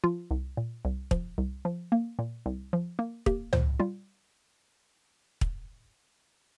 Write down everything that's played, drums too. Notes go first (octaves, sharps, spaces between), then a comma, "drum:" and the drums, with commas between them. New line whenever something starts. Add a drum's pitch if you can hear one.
F3 F4
C2
A#2
C2
F3, drum: kick
C2
F3
A#3
A#2
C2
F3
A#3
A#3 G4, drum: kick
A#2 C5, drum: tom C#2
G3 F4
drum: kick